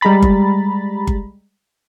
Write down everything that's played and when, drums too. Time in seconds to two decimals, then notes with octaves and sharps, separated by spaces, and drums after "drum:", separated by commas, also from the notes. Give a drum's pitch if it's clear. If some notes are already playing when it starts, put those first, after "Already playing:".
0.01 G3 G#3 A#5 B5 A6
0.22 drum: kick G1
1.07 drum: kick G1